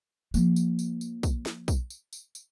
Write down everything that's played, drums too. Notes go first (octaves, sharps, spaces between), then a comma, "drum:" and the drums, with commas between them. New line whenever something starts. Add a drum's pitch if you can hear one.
F3 A#3, drum: tambourine
drum: tambourine
drum: tambourine
drum: tambourine
drum: kick, tambourine
drum: snare
drum: kick, tambourine
drum: tambourine
drum: tambourine
drum: tambourine